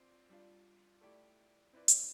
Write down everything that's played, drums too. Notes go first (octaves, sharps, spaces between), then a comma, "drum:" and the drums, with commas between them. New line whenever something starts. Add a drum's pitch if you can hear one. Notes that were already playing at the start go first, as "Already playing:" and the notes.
Already playing: C4 F4 D5
G3 D4 F4
A3 E4 G4 D5
C4 E4 B4 D5
drum: hi-hat